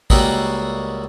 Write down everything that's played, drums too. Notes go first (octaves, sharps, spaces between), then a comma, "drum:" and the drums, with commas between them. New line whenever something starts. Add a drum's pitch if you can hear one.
C#2 G3 A#3 E4 F#4 D#5, drum: kick